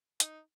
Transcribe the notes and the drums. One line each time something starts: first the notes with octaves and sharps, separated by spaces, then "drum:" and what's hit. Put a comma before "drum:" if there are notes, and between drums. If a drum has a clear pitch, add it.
D#4, drum: hi-hat